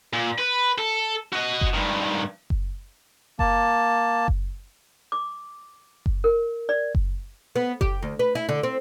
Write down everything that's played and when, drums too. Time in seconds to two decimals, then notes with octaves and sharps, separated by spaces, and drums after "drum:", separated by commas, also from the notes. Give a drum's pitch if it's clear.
0.13 A#2
0.38 B4
0.78 A4
1.33 F#4 D#5
1.61 drum: kick F#1
1.75 G2 D#3
2.50 drum: kick F#1
3.39 A#3 A5, drum: kick F#1
4.28 drum: kick F#1
5.12 D6
6.06 drum: kick F#1
6.24 A#4
6.69 D5
6.95 drum: kick F#1
7.56 B3
7.81 G4, drum: kick F#1
8.03 D2
8.19 B4
8.35 E4
8.49 D3
8.63 C4